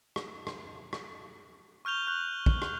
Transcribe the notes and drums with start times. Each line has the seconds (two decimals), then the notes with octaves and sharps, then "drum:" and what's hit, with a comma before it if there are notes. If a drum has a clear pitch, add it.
0.16 drum: rim click
0.47 drum: rim click
0.93 drum: rim click
1.85 C#6 F6 G6 F7 G7
2.07 C#6 F#6 G6 F#7
2.46 drum: kick
2.62 drum: rim click